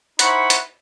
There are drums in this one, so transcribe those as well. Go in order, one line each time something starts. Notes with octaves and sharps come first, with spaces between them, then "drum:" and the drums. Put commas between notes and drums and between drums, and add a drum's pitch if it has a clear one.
D#4 E4 C5 F#5 B5 C#6, drum: hi-hat
drum: hi-hat